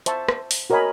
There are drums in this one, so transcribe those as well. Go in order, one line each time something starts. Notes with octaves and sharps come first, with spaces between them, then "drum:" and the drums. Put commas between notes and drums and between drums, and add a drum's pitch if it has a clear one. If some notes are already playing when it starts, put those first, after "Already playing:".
C5 E5 A5 C#6, drum: hi-hat
drum: rim click
drum: open hi-hat
F#4 A#4 C#5 D#5 G#5 B5